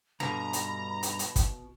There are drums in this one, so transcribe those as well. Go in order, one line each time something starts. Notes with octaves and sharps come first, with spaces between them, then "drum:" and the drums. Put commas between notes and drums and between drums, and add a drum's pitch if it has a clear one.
G2 B2 D3 A#5 B5
drum: hi-hat
drum: hi-hat
drum: hi-hat
drum: kick, hi-hat